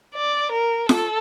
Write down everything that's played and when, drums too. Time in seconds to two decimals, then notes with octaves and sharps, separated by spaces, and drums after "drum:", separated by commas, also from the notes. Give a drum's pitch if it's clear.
0.15 D5
0.52 A#4
0.89 A4, drum: snare F4